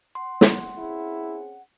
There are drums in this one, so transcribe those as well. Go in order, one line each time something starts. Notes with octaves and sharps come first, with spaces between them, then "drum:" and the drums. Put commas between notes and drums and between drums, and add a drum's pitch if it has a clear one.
F#5 C6
drum: snare
C4 C#4 E4 G#4